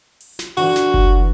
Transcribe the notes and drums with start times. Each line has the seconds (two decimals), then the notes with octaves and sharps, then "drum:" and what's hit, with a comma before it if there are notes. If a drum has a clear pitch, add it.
0.20 drum: open hi-hat
0.39 drum: snare
0.57 D3 E3 F#4, drum: open hi-hat
0.76 drum: snare
0.94 drum: kick F#1